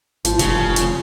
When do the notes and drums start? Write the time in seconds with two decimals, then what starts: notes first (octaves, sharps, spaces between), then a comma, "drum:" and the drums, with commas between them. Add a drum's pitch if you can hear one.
0.25 G#1 F3 F4, drum: hi-hat
0.39 F1 C#3 F3 G3 A#4, drum: hi-hat
0.76 drum: hi-hat